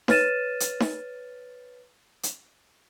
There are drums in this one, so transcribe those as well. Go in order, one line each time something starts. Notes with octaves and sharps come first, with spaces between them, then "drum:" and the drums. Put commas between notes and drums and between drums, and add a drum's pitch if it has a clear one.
B4 C#5 F6 A6 D#7 E7, drum: snare D#4
drum: hi-hat
drum: snare D#4
drum: hi-hat